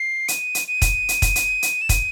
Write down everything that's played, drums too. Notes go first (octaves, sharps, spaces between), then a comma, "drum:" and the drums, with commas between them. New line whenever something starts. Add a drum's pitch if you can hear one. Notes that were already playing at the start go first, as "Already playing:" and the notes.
Already playing: C7
D#7, drum: hi-hat
drum: hi-hat
D#7
drum: kick, hi-hat
drum: hi-hat
drum: kick, hi-hat
drum: hi-hat
drum: hi-hat
E7
D#7, drum: kick, hi-hat